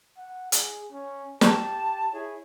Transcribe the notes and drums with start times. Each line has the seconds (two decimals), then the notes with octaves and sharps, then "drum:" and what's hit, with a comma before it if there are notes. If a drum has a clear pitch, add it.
0.18 F#5
0.52 G#4, drum: hi-hat
0.92 C#4
1.41 G4 A5, drum: snare
2.12 E4 G#4 C#5